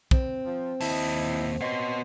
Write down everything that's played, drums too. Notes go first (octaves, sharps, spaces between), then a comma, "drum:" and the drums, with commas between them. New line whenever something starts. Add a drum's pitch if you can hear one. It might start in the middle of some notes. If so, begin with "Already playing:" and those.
C4, drum: kick
F3
D#2 E4 D#5 A5, drum: open hi-hat
B3 C5 C#5 D#5 C6